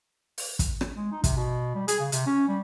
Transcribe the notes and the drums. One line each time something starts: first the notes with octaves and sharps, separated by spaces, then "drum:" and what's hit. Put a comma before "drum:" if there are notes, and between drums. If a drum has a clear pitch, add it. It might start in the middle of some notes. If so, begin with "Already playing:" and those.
drum: open hi-hat
drum: kick, hi-hat
drum: rim click
G#3
D#4
C3, drum: kick, hi-hat
B2
G3
G#4, drum: hi-hat
C#3
C3, drum: hi-hat
C#4
G3